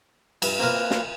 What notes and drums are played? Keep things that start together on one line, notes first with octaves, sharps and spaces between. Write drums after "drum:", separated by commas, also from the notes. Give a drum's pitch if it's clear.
G2, drum: cymbal
A#3 C4 F4 A#4 B4 F5
drum: snare